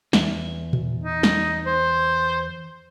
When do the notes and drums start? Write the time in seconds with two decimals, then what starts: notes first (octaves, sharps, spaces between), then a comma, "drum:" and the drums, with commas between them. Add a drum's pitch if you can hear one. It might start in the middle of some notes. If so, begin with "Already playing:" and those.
0.13 E2 E5, drum: snare
0.73 drum: tom A#2
1.04 D#4
1.23 drum: snare
1.66 C5